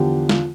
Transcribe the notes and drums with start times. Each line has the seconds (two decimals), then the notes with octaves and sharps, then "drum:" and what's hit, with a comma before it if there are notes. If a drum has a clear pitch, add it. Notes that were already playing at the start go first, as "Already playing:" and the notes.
Already playing: E2 D3 F3 G4
0.29 F4, drum: snare